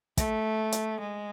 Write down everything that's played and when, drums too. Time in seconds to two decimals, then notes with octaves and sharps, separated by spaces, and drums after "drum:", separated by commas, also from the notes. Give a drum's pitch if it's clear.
0.17 A3, drum: kick, hi-hat
0.72 drum: hi-hat
1.01 G#3